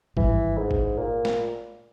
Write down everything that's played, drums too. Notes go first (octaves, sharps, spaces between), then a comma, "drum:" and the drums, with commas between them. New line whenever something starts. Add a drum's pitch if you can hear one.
G#1 G2 E3 G3, drum: kick G#1
G#2
drum: kick G#1
A#2
drum: snare